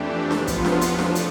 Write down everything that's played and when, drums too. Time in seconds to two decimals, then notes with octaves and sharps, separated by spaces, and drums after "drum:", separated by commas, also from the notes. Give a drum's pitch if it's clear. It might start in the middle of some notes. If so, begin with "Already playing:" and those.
Already playing: F2 E3 A3 D4 G4
0.31 E2 C3 F3 B3 F4, drum: snare D4
0.48 drum: kick, hi-hat
0.65 drum: snare D4
0.82 drum: hi-hat
0.99 F3 A3 D4, drum: snare D4
1.15 drum: hi-hat